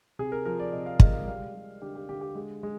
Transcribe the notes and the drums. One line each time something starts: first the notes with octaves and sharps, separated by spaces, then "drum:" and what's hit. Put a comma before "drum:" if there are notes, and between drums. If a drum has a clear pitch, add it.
C3 G#4
A#4
F3 A#4
D5
C3 D#5
F5
G#3 D#5, drum: kick
F5
G3 F5
G3
D3 G4
G4
D3 G4
G4
G#3
G#3